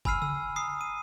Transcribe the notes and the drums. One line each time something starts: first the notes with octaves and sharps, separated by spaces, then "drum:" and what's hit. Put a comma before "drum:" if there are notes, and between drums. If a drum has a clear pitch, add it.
G#5 B5 E6 F6 C7 D#7, drum: kick F#1
E6, drum: tom C#3
A#5 D#6 C7
D#7